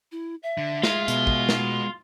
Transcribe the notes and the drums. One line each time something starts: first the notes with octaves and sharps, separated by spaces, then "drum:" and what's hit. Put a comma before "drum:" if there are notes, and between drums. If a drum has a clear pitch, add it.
E4
E5
D3
G#3 F4, drum: snare
B2, drum: hi-hat
drum: kick
drum: snare